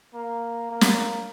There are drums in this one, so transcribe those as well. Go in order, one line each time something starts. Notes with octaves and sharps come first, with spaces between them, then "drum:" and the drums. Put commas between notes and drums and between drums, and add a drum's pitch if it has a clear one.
A#3
A#3
drum: snare